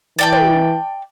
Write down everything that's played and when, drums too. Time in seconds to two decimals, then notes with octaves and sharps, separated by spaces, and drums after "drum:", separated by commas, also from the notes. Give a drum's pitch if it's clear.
0.19 E3 D5 G5 A5
0.32 drum: tom